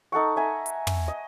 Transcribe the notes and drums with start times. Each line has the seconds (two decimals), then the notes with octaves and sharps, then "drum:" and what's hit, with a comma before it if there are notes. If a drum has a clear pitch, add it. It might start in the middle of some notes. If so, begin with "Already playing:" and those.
0.12 D#4 A4 F#5 C#6
0.36 E5 G#5 A#5
0.66 drum: hi-hat
0.87 drum: tom
1.08 D#5